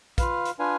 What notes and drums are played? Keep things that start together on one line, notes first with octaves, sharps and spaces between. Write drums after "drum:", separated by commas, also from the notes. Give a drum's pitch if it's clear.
F4 B4 F5, drum: kick, hi-hat
drum: hi-hat
D4 F4 B4 F5 G#5